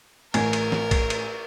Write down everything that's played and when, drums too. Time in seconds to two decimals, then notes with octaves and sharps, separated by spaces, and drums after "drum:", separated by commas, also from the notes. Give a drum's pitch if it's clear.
0.34 A1 A#4 G#5 G#6, drum: cymbal
0.53 drum: cymbal
0.72 drum: snare
0.91 drum: kick A#1, cymbal
1.10 drum: cymbal